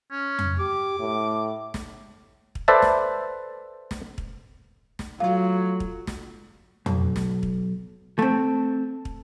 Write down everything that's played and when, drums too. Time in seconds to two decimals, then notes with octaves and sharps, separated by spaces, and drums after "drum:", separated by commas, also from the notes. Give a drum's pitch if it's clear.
0.12 C#4
0.39 drum: tom F2
0.59 G4 D6
1.00 A2
1.74 drum: snare
2.55 drum: kick
2.68 A4 B4 C5 D5 E5 A5
2.82 drum: snare
3.91 drum: snare
4.18 drum: kick
4.99 drum: snare
5.20 F#3 A3 F4 F5
5.80 drum: kick
6.07 drum: snare
6.86 B1, drum: tom F2
7.16 drum: snare
7.43 drum: kick
8.19 A3 C4
9.05 drum: kick